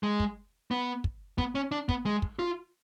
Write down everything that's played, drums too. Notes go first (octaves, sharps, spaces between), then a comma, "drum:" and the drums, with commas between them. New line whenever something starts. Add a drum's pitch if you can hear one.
G#3
drum: kick
B3
drum: kick
B3, drum: kick
C#4
D4
B3, drum: kick
G#3
drum: kick
F4